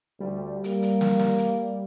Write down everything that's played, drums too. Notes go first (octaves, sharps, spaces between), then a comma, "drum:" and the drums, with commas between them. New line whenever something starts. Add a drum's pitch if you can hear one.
D2 G3
A#3, drum: hi-hat
drum: hi-hat
drum: snare
drum: snare
drum: hi-hat